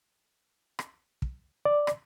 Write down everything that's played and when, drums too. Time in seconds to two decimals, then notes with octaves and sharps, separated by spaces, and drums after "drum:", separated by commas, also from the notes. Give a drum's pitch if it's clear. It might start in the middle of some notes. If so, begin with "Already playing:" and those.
0.79 drum: rim click
1.22 drum: kick
1.65 D5
1.87 drum: rim click